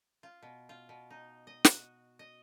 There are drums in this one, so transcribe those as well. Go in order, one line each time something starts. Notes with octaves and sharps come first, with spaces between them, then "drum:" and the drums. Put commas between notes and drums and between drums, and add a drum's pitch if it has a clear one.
F4
B2
F4
B2
D#4
D#5
F#4, drum: snare
D#5